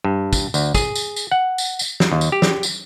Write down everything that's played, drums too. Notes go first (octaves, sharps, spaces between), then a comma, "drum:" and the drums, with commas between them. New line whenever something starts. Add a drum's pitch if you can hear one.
G2
drum: kick, tambourine
D2, drum: tambourine
G#4, drum: kick, tambourine
drum: tambourine
drum: tambourine
F#5
drum: tambourine
drum: tambourine
drum: snare
D#2
drum: tambourine
G4
drum: snare
drum: tambourine